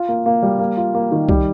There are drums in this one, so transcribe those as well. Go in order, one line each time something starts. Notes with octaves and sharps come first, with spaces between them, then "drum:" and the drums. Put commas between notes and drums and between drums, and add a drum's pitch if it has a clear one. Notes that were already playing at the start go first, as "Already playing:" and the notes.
Already playing: F4
A#3
A#3
G3
A#3
F4
A#3
D#3
G3, drum: kick C2